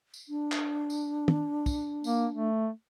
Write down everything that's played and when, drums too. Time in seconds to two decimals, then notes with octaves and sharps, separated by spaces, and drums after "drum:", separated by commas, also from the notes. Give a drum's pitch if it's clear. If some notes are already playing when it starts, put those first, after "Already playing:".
0.14 drum: tambourine
0.29 D4
0.52 drum: clap
0.90 drum: tambourine
1.28 drum: tom
1.66 drum: kick, tambourine
2.04 A#3, drum: tambourine
2.34 A3